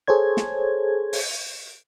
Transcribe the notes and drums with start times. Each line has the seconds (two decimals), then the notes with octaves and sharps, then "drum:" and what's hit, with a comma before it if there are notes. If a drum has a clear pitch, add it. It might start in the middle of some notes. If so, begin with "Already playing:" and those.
0.07 G#4 A4 C5 C#5 G#6
0.37 drum: snare
1.13 drum: open hi-hat